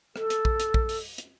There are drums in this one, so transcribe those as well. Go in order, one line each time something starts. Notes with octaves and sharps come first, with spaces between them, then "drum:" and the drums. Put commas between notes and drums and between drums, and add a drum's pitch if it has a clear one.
A4, drum: rim click
drum: hi-hat
drum: kick
drum: hi-hat
drum: kick
drum: open hi-hat
drum: hi-hat